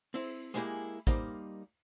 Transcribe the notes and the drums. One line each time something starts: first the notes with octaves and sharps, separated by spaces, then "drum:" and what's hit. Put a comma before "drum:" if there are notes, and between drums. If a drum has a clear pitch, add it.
C4 E4, drum: open hi-hat
G#3 A#3 D4 E4 G4 G#4
G3 A#3 D#4 A#4 C5, drum: kick